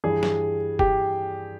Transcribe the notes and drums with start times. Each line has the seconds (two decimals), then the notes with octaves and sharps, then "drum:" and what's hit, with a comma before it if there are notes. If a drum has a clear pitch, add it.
0.04 G2 E3 G3 G#4
0.23 drum: snare
0.79 G4, drum: kick F1